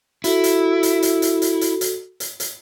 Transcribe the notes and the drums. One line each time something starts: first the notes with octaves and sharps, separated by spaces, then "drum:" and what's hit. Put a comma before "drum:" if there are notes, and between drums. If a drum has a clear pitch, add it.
E4 F#4 A4, drum: hi-hat
drum: hi-hat
drum: hi-hat
drum: hi-hat
drum: hi-hat
drum: hi-hat
drum: hi-hat
drum: hi-hat
drum: hi-hat
drum: hi-hat